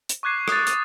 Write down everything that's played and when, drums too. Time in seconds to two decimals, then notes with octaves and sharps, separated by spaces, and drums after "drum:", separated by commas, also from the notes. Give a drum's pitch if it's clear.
0.09 drum: hi-hat
0.23 C#6 D6 F#6 G#6 C7
0.48 D#6 A6, drum: rim click
0.67 drum: hi-hat